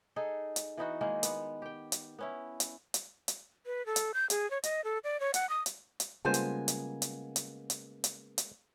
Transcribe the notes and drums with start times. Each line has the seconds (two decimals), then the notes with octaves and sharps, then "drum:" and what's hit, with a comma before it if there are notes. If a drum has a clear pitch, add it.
0.16 D#4 G#4 A4
0.56 drum: hi-hat
0.77 E3 B3 D#4 F#4
1.01 D#3 G#3 A#3 G#4
1.23 B3, drum: hi-hat
1.62 G4 G5
1.92 drum: hi-hat
2.19 B3 C#4 E4
2.60 drum: hi-hat
2.94 drum: hi-hat
3.28 drum: hi-hat
3.66 B4
3.86 A4
3.96 drum: hi-hat
4.14 G6
4.30 G#4, drum: hi-hat
4.51 C#5
4.63 D#5, drum: hi-hat
4.84 A4
5.04 D5
5.20 C#5
5.34 F#5, drum: hi-hat
5.49 D#6
5.66 drum: hi-hat
6.00 drum: hi-hat
6.25 C#3 G3 G#3 A#3 B3 F4 C5 G#5
6.34 drum: hi-hat
6.68 drum: hi-hat
7.02 drum: hi-hat
7.36 drum: hi-hat
7.70 drum: hi-hat
8.04 drum: hi-hat
8.38 drum: hi-hat